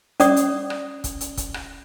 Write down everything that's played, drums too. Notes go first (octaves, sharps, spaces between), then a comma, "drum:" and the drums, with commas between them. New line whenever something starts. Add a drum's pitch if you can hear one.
C#4 D5 D#6, drum: hi-hat
drum: hi-hat
drum: rim click
drum: kick, hi-hat
drum: hi-hat
drum: kick, hi-hat
drum: rim click